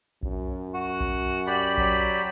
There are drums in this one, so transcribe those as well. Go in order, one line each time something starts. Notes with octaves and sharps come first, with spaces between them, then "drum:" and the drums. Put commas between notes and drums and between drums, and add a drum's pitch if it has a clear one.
F#2, drum: kick A#1
F#4
drum: kick A#1
G4 D5 B5
F#3, drum: kick A#1